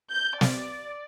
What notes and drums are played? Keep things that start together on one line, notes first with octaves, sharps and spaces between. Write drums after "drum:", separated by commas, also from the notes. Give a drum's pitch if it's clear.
G6
D5, drum: snare